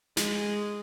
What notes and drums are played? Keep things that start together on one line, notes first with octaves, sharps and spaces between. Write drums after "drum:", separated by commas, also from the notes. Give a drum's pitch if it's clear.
G#3, drum: snare